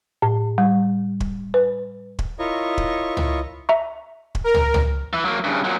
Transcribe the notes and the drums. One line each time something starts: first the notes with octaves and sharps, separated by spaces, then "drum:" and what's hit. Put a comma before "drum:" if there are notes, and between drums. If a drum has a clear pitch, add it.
A2
G3
drum: kick
B4
drum: kick
E4 F4 A#4 C#5 D#5 C#6
drum: kick
drum: tom
E5 A#5 C#6
drum: kick
A#4
drum: tom
drum: tom
E3
F#3 A#3
G2 C#3
A#2 F#3